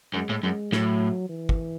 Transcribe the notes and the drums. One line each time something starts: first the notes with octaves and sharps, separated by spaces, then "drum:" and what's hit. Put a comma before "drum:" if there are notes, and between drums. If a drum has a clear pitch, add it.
F#2 G#3
A2
F#2 G#3
A2 F#3, drum: snare
E3
drum: kick